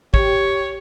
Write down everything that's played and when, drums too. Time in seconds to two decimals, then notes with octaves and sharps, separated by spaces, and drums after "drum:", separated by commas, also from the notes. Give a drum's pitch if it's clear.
0.14 G4 C#5, drum: kick